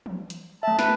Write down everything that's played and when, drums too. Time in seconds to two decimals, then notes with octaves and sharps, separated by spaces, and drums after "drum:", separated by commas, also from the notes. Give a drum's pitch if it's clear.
0.06 drum: tom E3
0.30 drum: hi-hat
0.63 A3 E5 A5
0.79 B4, drum: snare